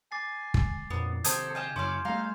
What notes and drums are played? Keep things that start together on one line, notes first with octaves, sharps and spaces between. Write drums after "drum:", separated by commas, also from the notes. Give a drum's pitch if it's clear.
G#5 D6 A6 C7
drum: kick
F2 A#2 B3
C3 D#3 G4 A4 C5 D#6 G6 G#6, drum: hi-hat
G4 D#5 F5 G#5 G6 E7
F#2 C#3 C#4 E4 F5 C6 D6
G3 A3 D#4 F5